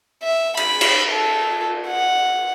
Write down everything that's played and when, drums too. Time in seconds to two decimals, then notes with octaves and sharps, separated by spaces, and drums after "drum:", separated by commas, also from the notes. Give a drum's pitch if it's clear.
0.23 E5
0.57 B5, drum: cymbal
0.81 drum: cymbal
1.11 A4
1.88 F#5